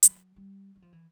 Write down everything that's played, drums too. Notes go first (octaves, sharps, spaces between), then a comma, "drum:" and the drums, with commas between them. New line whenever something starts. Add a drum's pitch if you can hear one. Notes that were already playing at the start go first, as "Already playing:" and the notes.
F#3, drum: hi-hat
G3
F#3
F3
E3